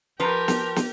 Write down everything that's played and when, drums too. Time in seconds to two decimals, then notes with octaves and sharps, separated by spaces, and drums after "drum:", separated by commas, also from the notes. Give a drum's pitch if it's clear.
0.20 F3 G4 A#4 B4 A#5
0.48 drum: snare
0.76 drum: snare